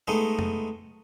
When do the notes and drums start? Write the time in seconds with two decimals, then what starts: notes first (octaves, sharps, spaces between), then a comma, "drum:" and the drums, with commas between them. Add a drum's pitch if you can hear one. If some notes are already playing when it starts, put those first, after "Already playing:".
0.08 G#3 A3 B3 D#4
0.39 drum: tom F2